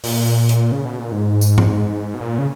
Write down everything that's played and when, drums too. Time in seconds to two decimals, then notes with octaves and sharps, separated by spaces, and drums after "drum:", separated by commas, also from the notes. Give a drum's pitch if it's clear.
0.04 A#2, drum: open hi-hat
0.49 drum: hi-hat
0.72 C#3
0.85 B2
0.99 A#2
1.12 G#2
1.41 drum: tambourine
1.58 drum: tom G#2
2.14 B2
2.21 A#2
2.38 C#3